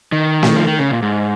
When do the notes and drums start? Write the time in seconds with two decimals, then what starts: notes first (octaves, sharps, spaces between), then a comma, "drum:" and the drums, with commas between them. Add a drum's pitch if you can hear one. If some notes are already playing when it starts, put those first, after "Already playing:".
0.12 D#3
0.43 drum: snare
0.56 F3
0.68 D#3
0.79 C#3
0.90 A#2
1.02 G#2